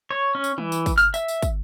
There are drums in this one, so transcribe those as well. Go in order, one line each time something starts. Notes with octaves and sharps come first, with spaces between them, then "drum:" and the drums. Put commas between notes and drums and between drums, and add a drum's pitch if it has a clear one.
C#5
C#4
drum: tambourine
E3, drum: tom G3
drum: tambourine
drum: kick, tambourine
F6, drum: tambourine
E5, drum: tambourine
drum: tambourine
drum: kick, tambourine